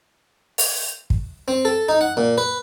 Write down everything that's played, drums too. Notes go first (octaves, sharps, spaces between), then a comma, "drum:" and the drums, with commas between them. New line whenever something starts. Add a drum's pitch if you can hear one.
drum: open hi-hat
drum: kick
C4
A4
D#4
F#5
A#2
B4